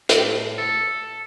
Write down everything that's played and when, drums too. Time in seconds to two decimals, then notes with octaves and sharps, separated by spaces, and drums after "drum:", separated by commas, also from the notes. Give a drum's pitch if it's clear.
0.09 A2, drum: hi-hat
0.58 A4